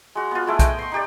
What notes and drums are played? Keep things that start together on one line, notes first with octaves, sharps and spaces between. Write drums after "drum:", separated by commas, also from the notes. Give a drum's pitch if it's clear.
G#3 F#4
B3 F4
G#3 A3 E4
D#5 F#5 G5, drum: kick B1, hi-hat
C6 C#6
D#4 G4 D5